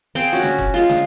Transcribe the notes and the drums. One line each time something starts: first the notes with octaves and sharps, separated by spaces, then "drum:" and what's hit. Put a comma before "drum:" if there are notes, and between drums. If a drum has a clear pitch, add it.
C4 G#4 F5 G5
C#4 F#4
drum: snare
drum: kick F1
G#3 F4
drum: snare